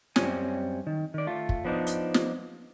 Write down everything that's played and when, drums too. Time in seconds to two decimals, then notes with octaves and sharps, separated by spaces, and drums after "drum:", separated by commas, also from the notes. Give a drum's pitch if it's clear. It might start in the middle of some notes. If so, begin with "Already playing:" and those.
0.16 F#2 G3 G#3 C4 C#5 G#5, drum: snare
0.87 D#3
1.14 D#3 D5
1.27 A3 F4
1.49 drum: kick
1.65 F3 B3 D4 D#4
1.87 drum: hi-hat
2.14 drum: snare